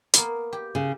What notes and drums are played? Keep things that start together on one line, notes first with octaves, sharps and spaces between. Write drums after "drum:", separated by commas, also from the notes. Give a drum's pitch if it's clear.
A#3 B3, drum: hi-hat
G4
C#3